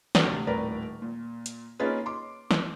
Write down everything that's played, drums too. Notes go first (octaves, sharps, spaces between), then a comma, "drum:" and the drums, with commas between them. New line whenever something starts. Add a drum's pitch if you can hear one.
E3 A3 C4 D4 F#4, drum: snare
D2 C3
D#1 A2 A#4 B4 D5
A#2
drum: hi-hat
A#3 C#4 D#4 F4 G#4 B4
C6 D6
drum: snare